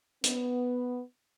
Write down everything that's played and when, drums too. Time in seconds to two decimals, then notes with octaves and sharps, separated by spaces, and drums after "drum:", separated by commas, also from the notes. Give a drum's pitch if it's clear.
0.24 B3, drum: hi-hat